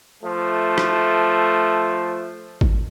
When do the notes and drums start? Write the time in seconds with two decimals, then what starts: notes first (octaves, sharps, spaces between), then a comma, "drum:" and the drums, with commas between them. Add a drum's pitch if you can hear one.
0.24 F3 A3
0.78 drum: rim click
2.61 drum: kick G#1